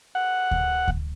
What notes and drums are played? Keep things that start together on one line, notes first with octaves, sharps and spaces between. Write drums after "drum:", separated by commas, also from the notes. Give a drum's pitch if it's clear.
F#5
drum: kick D2
drum: kick D2